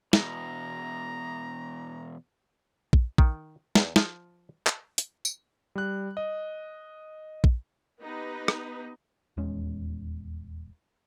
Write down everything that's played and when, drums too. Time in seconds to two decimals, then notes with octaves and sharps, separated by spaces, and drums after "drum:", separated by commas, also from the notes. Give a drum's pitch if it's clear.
0.13 E2 B2 A#5, drum: snare
2.93 drum: kick
3.18 D#3, drum: kick
3.75 E2, drum: snare
3.96 F3, drum: snare
4.67 drum: clap
4.98 drum: hi-hat
5.25 drum: tambourine
5.75 G3 F#6
6.17 D#5
7.44 drum: kick
8.00 B3 D#4 G4 B4
8.48 drum: rim click
9.37 D#1 E2 G#3 C#4